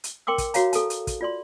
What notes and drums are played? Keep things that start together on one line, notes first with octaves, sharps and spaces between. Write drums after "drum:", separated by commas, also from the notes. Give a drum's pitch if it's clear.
drum: hi-hat
A#4 G5 C6 D6 E6
drum: kick, hi-hat
F#4 C#5 F5 A#5, drum: hi-hat
A4 A5, drum: hi-hat
drum: hi-hat
drum: kick, hi-hat
F4 D5 C6